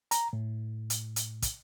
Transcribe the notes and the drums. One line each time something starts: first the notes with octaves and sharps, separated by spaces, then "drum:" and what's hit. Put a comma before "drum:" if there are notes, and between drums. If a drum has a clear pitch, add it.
A#5, drum: hi-hat
A2
drum: hi-hat
drum: hi-hat
drum: kick, hi-hat